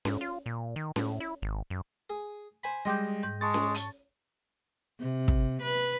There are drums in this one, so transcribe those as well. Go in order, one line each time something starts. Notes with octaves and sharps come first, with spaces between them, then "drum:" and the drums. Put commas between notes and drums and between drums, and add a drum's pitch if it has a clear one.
G#2, drum: snare C#4
F4
A#2
D#3
A2, drum: snare C#4
E4
G#1
F#2
G#4
C5 G#5 B5
G3 G#3 D#5 G5 C6 D6 G6
G#2 G6
G#3 A5 C#6 A6
drum: snare C#4
drum: hi-hat
C3
drum: kick
B4